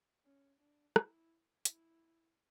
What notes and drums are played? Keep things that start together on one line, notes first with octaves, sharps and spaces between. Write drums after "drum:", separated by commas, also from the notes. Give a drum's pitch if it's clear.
C#4
D4
E4, drum: rim click
E4, drum: hi-hat